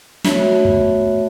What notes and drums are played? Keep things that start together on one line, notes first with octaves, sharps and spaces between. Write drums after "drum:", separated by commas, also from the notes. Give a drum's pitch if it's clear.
A3 B3 F#4 C#5 E5, drum: snare
drum: kick